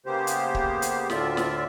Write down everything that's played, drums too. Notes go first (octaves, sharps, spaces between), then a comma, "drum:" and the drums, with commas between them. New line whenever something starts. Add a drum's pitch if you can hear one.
C#3 A#3 B3 G4 C5
drum: hi-hat
drum: kick
drum: hi-hat
D2 A2 D3 F4 D5 E5, drum: snare
drum: snare